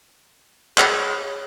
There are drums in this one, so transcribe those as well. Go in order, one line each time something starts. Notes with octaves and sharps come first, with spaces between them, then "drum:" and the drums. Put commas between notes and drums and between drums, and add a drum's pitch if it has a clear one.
G#4 C#5 B5, drum: clap